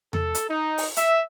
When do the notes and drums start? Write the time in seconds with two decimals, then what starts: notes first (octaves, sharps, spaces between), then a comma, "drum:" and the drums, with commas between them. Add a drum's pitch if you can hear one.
0.13 A4, drum: tom E2
0.35 drum: hi-hat
0.50 D#4
0.78 drum: open hi-hat
0.96 E5, drum: hi-hat